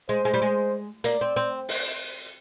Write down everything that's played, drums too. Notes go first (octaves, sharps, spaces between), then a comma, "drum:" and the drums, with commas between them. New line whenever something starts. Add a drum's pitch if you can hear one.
G#3 C5
G#3
G3
G#3
A#3 D5, drum: hi-hat
C4
C4
drum: open hi-hat